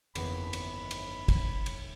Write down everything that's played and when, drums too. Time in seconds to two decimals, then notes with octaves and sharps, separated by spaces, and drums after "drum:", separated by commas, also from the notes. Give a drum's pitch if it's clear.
0.15 G1 F2 C#3 E3 A#3 B3 B5, drum: cymbal
0.53 drum: cymbal
0.91 drum: cymbal
1.28 drum: kick, cymbal
1.66 drum: cymbal